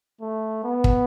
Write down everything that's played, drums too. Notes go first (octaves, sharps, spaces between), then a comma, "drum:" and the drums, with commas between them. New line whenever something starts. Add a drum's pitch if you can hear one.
A3
B3
drum: kick